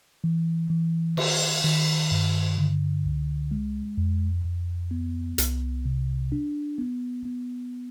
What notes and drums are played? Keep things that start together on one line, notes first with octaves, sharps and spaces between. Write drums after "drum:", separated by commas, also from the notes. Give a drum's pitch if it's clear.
E3
E3
D#3, drum: cymbal
D#3
G2
D3
C#2
G#3
F2
F2
B3
C2, drum: hi-hat
C3
D4
B3
B3